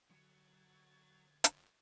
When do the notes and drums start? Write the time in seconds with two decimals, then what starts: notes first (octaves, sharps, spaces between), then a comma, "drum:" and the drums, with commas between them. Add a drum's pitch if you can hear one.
0.11 D3 F#3 G#6 A6
1.44 drum: hi-hat